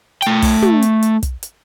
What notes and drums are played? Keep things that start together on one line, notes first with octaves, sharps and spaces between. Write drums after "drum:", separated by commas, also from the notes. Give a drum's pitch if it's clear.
A3 G5, drum: hi-hat
drum: kick, open hi-hat
drum: tom
drum: hi-hat
drum: hi-hat
drum: kick, hi-hat
drum: hi-hat